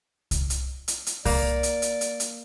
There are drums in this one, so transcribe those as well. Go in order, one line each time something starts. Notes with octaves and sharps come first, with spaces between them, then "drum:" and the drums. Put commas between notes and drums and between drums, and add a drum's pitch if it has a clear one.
drum: kick C2, hi-hat
drum: hi-hat
drum: hi-hat
drum: hi-hat
A#3 D5, drum: kick C2, open hi-hat
drum: hi-hat
drum: hi-hat
drum: hi-hat
drum: hi-hat